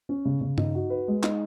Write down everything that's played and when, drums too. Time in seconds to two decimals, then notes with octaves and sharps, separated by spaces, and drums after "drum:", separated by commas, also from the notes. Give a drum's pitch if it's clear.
0.09 C#4
0.25 C#3
0.41 C#3
0.58 D#4, drum: tom G2
0.75 F#4
0.90 B4
1.08 G#3
1.23 D#4, drum: clap